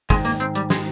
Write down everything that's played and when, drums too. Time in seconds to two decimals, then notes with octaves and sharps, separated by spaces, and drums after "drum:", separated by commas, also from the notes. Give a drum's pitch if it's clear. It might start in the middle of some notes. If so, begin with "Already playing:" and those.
0.10 G#2 D#3 G#3, drum: kick, hi-hat
0.25 A#3, drum: hi-hat
0.40 C4, drum: hi-hat
0.55 G3, drum: hi-hat
0.70 G#3, drum: snare